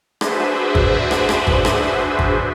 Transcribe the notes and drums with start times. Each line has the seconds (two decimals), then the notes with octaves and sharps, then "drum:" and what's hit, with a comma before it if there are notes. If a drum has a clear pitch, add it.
0.21 D4 F#4 G#4 B4 C5 E5, drum: rim click
0.75 drum: kick G#1
1.11 drum: rim click
1.29 drum: rim click
1.47 drum: kick G#1
1.65 drum: rim click
2.19 drum: kick G#1